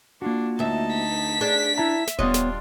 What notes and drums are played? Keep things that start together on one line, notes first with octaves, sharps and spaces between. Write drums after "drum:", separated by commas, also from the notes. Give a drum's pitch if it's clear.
A#3 D4 F4 F#4
D2 D#4 E5 A5
B6
D4 G#4
E4 E5 A5 A#5
drum: snare
G3 B3 D4 F4 C#5 D#5, drum: kick D#1
drum: snare